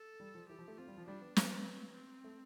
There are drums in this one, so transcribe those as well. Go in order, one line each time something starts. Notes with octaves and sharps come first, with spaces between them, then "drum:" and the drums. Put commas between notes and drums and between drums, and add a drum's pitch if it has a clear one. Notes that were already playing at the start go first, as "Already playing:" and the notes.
Already playing: A4
G3
F3
E3 G4
F3
A3
C4 F4
G3
F3
G3 D4
B3
B3 C4, drum: snare
C4
A3